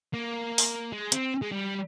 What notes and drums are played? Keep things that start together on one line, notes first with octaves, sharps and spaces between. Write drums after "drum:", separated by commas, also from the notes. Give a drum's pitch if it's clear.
A#3
drum: open hi-hat
G#3
C4, drum: hi-hat
G#3
G3